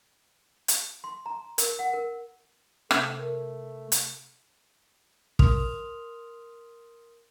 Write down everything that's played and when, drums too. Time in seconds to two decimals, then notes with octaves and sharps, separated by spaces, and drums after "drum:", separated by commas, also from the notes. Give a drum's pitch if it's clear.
0.68 drum: hi-hat
1.04 C6
1.26 A#5
1.58 A#4, drum: hi-hat
1.79 F#5
1.93 A#4
2.91 C3 A3 E6 G#6, drum: rim click
3.19 A#4
3.92 drum: hi-hat
5.39 A#4 C6 D#6 F6 F7, drum: kick